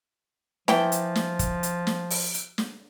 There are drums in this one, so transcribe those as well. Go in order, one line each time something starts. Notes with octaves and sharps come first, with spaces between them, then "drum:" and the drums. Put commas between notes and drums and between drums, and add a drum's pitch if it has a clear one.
E3 F3 G5, drum: snare
drum: hi-hat
drum: snare
drum: kick, hi-hat
drum: hi-hat
drum: snare
drum: open hi-hat
drum: hi-hat
drum: snare